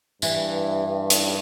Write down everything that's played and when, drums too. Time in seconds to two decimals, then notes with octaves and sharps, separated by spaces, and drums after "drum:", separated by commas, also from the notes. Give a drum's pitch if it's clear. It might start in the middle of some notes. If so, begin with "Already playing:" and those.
0.22 G2 E3, drum: tambourine
1.10 drum: hi-hat